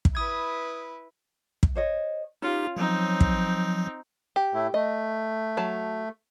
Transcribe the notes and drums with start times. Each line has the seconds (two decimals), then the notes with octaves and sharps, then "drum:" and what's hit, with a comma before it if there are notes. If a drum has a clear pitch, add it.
0.05 drum: kick
0.15 E4 B4 D#6 G#6
1.63 drum: kick
1.75 C5 C#5 D#5
2.42 C#4 D#4 F4 G4
2.77 F3 F#3 C4 D#4
3.21 drum: kick
4.36 G4
4.54 A2 A3 E4
4.74 A3 D#5
5.57 F#3 A5